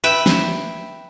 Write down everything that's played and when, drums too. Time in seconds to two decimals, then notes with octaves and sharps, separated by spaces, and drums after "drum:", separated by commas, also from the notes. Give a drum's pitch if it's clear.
0.04 B4 E5 G5
0.26 drum: snare